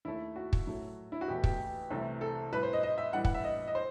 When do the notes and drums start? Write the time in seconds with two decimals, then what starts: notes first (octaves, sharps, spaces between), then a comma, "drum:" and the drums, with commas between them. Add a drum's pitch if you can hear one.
0.05 D#2 D#3 A3 E4
0.36 F#4
0.53 drum: kick
0.67 A2 F#3 A3
1.12 E4
1.21 F#4
1.28 E2 B2 A3 G4
1.44 G4, drum: kick
1.90 C2 C3 E3 A3
2.21 A4
2.51 A2 G3 B4
2.63 C5
2.73 D#5
2.83 D#5
2.98 E5
3.13 A2 E3 G3 F#5
3.25 F#5, drum: kick
3.34 E5
3.44 D#5
3.68 D#5
3.75 C5